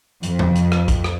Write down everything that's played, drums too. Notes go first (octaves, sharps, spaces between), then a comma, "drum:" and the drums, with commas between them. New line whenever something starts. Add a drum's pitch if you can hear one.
F2, drum: hi-hat
drum: tom E2
drum: hi-hat
drum: rim click
drum: kick B1, hi-hat
drum: rim click